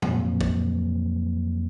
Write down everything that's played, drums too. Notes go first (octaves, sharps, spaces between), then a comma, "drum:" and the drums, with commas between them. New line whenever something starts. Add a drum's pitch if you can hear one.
F2 A#2 F#3, drum: tom G#2
drum: kick